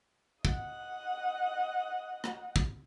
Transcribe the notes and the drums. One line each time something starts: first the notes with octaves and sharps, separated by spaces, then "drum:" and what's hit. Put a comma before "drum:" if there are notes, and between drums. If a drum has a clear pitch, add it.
D#5 F#5, drum: kick
drum: rim click
drum: kick